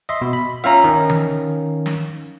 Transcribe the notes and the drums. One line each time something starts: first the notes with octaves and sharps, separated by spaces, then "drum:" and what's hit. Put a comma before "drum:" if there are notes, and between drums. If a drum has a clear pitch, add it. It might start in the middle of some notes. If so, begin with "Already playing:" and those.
D#5 E5 C6
B2
B5
C#4 F4 E5 F5 A#5
D#3 C#4
drum: tom D#3
drum: snare